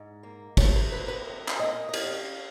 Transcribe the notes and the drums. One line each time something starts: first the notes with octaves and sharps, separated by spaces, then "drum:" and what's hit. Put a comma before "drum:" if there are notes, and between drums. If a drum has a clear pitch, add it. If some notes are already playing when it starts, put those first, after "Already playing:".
Already playing: G#2
A#3
F#3 C#5, drum: kick, cymbal
B4
A#3 B4
B4
F2
drum: clap
A#3 D#5
D#5
F2 F5, drum: cymbal